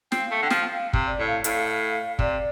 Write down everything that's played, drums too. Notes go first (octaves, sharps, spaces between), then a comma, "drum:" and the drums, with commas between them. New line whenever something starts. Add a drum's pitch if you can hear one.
C4, drum: snare
F5
A3
D3 G5
F3, drum: snare
G5
F5
C3, drum: kick
D5
A2
F5
A2 F5, drum: hi-hat
C3 D5, drum: kick